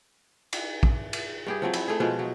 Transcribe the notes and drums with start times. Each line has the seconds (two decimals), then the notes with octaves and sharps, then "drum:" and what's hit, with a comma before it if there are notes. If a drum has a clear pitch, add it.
0.53 drum: cymbal
0.83 drum: kick
1.13 drum: cymbal
1.46 G2 G4 G#4
1.62 F3 F#3 C4
1.73 E4, drum: cymbal
1.88 A3 G#4
2.00 B2 F3 G#3 G#4
2.19 F#3